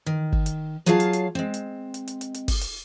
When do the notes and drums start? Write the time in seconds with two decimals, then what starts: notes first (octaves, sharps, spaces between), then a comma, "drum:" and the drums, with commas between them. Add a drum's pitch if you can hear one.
0.06 D#3
0.32 drum: kick
0.46 drum: hi-hat
0.86 F#3 F4 G#4 C#5 F5 A5, drum: hi-hat
1.00 drum: hi-hat
1.13 drum: hi-hat
1.35 G#3 C4
1.54 drum: hi-hat
1.94 drum: hi-hat
2.08 drum: hi-hat
2.21 drum: hi-hat
2.34 drum: hi-hat
2.48 drum: kick, open hi-hat
2.61 drum: hi-hat